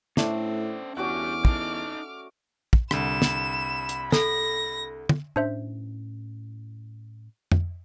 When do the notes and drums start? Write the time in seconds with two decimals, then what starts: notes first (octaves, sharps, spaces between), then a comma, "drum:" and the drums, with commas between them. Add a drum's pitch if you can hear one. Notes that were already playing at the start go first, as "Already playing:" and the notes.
0.17 A2 A3 C#4 D4 C5, drum: snare
0.97 E2 C#4 D4 F#4 G4 F#5 D6 F6
1.45 D#4 D#5 A5, drum: kick
2.73 drum: kick
2.91 C2 D3 B5 E7, drum: rim click
3.22 drum: snare
3.89 drum: hi-hat
4.12 A4 A#6, drum: snare
5.09 drum: tom
5.36 A2 C#4 D4 C5 E5
7.52 drum: tom